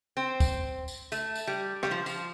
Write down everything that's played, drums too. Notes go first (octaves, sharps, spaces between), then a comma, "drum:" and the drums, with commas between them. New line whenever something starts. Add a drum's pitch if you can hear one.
C4
drum: kick, tambourine
drum: tambourine
A3, drum: tambourine
drum: tambourine
G3
G3, drum: rim click
F3
F3, drum: tambourine